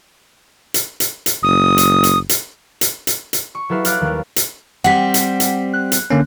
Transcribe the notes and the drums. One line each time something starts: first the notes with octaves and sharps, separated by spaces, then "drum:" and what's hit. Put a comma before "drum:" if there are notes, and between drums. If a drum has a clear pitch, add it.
drum: hi-hat
drum: hi-hat
drum: hi-hat
F#1 D#6
drum: hi-hat
drum: hi-hat
drum: hi-hat
drum: hi-hat
drum: hi-hat
drum: hi-hat
C#6
F#3 E4 G4 A4 B4 F5
C#5 F5 D6 F6 F#6 A6, drum: hi-hat
D#2 G3
drum: hi-hat
G3 C4 F#5 B6
drum: hi-hat
drum: hi-hat
F#6
drum: hi-hat
D3 A#3 C#4